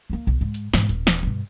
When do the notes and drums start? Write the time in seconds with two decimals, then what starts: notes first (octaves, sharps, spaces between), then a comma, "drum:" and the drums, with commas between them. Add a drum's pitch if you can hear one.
0.10 A#3 C4
0.27 B1
0.41 G#2
0.54 drum: hi-hat
0.74 G#2 B2, drum: snare
0.89 D#1, drum: hi-hat
1.07 drum: snare
1.23 G2 B2